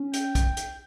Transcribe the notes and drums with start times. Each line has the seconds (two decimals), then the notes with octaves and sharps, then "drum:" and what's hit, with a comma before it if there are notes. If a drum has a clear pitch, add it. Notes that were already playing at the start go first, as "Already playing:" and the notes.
Already playing: C#4
0.13 G5, drum: hi-hat
0.35 drum: kick, hi-hat
0.57 drum: hi-hat